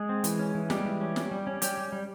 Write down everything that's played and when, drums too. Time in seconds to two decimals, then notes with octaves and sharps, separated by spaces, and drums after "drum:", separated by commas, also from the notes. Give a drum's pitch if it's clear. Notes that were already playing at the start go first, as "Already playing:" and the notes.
Already playing: G#3 G#4
0.09 C4
0.24 E3, drum: hi-hat
0.39 C#4
0.55 E3
0.70 G3 G#3 G4, drum: snare
0.85 E3
1.01 C#4
1.16 G3, drum: snare
1.31 G3
1.47 C#4
1.62 G3 C#4 G4, drum: hi-hat
1.77 G3
1.92 G3